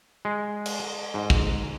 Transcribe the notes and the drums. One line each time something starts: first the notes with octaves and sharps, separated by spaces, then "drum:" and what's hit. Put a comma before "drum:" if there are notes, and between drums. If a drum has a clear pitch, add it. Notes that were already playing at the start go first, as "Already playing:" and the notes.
G#3
drum: cymbal
G#2
drum: kick